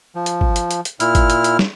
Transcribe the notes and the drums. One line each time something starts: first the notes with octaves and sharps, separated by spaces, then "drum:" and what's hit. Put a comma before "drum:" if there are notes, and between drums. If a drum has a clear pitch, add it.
F3
drum: hi-hat
drum: kick G#1
drum: hi-hat
drum: hi-hat
drum: hi-hat
A#2 E4 F6, drum: hi-hat
drum: kick G#1, hi-hat
drum: hi-hat
drum: hi-hat
drum: snare